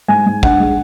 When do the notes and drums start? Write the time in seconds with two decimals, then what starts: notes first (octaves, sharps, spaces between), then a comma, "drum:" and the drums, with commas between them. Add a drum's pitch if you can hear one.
0.08 G#2 G#5
0.26 G#2
0.43 D4 F#5, drum: kick
0.60 G#3